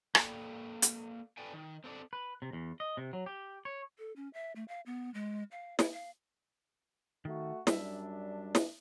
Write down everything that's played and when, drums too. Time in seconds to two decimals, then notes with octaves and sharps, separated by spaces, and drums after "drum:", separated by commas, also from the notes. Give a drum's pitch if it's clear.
0.15 A#3 A4 D5 G5, drum: rim click
0.82 drum: hi-hat
1.37 A4 B4 D5 G5 G#5
1.53 D#3
1.84 C4 A4 D5
2.13 B4
2.42 C3
2.53 E2
2.80 D#5
2.97 C3
3.13 F#3
3.26 G4
3.65 C#5
3.99 A4
4.16 C#4
4.33 E5
4.56 A3
4.68 F5
4.86 B3
5.14 G#3
5.52 F5
5.79 E4, drum: snare
5.93 F5
7.25 D#3 A3 F#4
7.67 F#2 G3 D4 E5, drum: snare
8.55 drum: snare